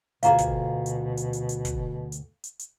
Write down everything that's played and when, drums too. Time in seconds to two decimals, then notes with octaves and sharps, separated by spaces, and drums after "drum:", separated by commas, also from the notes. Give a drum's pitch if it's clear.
0.23 D2 B2 F4 G#4 F5 A#5 D6, drum: hi-hat
0.38 drum: kick, hi-hat
0.86 drum: hi-hat
1.17 drum: hi-hat
1.33 drum: hi-hat
1.49 drum: hi-hat
1.65 drum: kick, hi-hat
2.12 drum: hi-hat
2.44 drum: hi-hat
2.59 drum: hi-hat